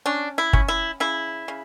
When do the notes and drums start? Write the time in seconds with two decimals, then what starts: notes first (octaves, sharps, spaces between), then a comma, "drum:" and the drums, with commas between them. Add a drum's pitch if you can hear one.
0.06 C#4 D4
0.38 E4
0.53 C#4, drum: kick
0.68 E4
1.00 C#3 E4
1.48 C#3